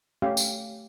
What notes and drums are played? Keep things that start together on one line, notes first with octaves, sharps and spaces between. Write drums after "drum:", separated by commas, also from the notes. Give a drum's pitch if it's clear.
A3 C#4 G4 F5
drum: tambourine